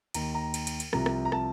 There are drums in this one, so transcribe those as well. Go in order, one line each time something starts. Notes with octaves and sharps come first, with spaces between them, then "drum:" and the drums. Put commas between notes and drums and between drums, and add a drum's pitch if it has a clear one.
D#2 D#3 A#5, drum: cymbal
A#5
drum: cymbal
drum: cymbal
drum: cymbal
C2 C3 F3 A#5, drum: rim click
drum: rim click
A#5
A5, drum: rim click